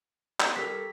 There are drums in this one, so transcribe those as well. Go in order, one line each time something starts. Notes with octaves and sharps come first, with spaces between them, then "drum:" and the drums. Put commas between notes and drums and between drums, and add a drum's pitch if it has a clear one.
B3 C4 D#4, drum: clap
G3 G4 A4 A#4 B6